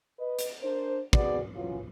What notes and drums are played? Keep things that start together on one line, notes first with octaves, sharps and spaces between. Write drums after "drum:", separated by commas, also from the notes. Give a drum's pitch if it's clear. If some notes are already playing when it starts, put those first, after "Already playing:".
B4 D#5
drum: hi-hat
D4 A#4 C5
C3 B3 F#4 G#4 D5, drum: kick
E3 F#3 C#4 F4